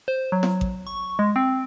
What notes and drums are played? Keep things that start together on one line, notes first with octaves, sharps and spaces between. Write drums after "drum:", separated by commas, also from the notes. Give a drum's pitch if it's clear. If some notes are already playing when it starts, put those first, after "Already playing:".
C5
F#3
drum: snare
drum: kick A1
C#6
G#3
C4